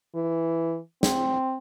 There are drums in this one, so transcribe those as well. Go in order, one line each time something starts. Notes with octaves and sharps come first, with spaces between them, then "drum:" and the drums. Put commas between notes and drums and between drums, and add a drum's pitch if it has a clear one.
E3
C4, drum: snare